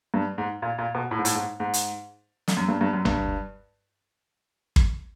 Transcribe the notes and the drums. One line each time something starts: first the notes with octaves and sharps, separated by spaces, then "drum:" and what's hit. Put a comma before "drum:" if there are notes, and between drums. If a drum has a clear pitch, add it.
G2
G#2
A#2
A#2
B2
A2
G#2
A2, drum: hi-hat
G#2
G#2
drum: hi-hat
drum: snare
F#2
G2
G2
F#2
G2, drum: tom
drum: kick